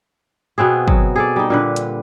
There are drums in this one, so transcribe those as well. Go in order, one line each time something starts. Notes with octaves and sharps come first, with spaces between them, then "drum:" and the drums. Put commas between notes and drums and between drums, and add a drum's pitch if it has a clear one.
B2 B3 C4 G#4
F#3, drum: kick
G#4 A4 D5
G3 D#4
A#2 D3 B4
drum: hi-hat